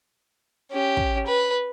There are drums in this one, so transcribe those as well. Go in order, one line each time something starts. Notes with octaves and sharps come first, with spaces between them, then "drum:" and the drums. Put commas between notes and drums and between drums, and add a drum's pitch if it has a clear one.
C#4 G4
drum: kick
B4